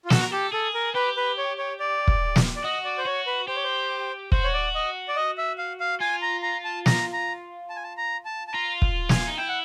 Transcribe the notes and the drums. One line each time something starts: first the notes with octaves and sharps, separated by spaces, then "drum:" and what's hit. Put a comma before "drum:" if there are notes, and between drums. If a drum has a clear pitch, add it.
F4
F#4 A4, drum: snare
A#4
G4 A4
G#4 A4
A#4
G4 B4
B4
C#5
C#5
D5
drum: kick
drum: snare
D5
F#4 D#5
D5
C5
F#4 C#5
B4
G4 C5
C#5
C5
F#4 C5, drum: kick
C#5
D5
D#5
D5
D#5
E5
F5
F5
F4 G#5
A#5
A#5
A5
A#5, drum: snare
A#5
A5
G#5
A5
A#5
A5
A5
F4 A#5
drum: kick
G#5, drum: snare
D#4
E4 G5
F#5